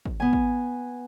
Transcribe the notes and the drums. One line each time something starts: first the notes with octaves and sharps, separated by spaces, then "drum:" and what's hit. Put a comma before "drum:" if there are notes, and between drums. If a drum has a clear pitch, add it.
drum: kick
B3 G#5, drum: tom
drum: kick